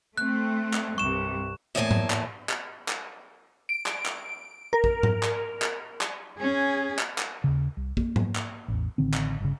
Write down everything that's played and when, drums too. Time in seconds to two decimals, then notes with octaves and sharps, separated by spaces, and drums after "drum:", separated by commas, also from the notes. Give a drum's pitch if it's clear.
0.17 A3 C4 F#6
0.73 drum: clap
0.98 C2 G2 C3 C#6 E7
1.75 E2 A2 A#3 D#5 G#5 A5
1.91 drum: tom G#2
2.10 drum: clap
2.49 drum: clap
2.88 drum: clap
3.69 D7
3.86 drum: clap
4.06 drum: clap
4.73 A#4
4.84 drum: kick A#1
5.03 drum: tom G#2
5.23 drum: clap
5.62 drum: clap
6.01 drum: clap
6.39 C#4 G#4
6.99 drum: clap
7.18 drum: clap
7.44 D#2 C#3
7.77 C2
7.97 A#3, drum: kick A#1
8.16 drum: tom G#2
8.35 drum: clap
8.68 A1 E2
8.98 A1 D3 D#3 C4
9.14 drum: clap
9.40 G1 C#3